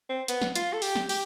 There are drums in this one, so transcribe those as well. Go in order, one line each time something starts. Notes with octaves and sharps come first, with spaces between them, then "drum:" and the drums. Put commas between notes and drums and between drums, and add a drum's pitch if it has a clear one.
C4
B3, drum: hi-hat
drum: snare
F4, drum: hi-hat
A4
G4, drum: open hi-hat
drum: snare
G4, drum: open hi-hat